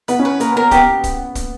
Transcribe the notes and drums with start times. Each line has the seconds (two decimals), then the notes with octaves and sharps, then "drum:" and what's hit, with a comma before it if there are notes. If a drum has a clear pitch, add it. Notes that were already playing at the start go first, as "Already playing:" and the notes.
0.08 B3 B4, drum: hi-hat
0.19 C#4
0.25 B4
0.40 A#3 A#4, drum: hi-hat
0.56 B3 A#4
0.71 B3 G4, drum: kick, hi-hat
1.04 drum: kick, hi-hat
1.35 drum: kick, hi-hat